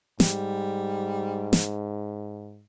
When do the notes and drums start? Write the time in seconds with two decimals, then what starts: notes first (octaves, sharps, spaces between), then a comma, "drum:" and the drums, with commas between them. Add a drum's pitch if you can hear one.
0.20 G#2 G3, drum: snare
1.53 drum: snare